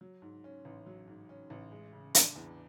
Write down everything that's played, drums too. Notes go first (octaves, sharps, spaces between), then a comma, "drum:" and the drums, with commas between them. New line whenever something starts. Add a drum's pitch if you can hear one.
F#3
G#2
C#4
A1
F#3
G#2
C#4
A1
G#3
C#3
D4, drum: hi-hat
E2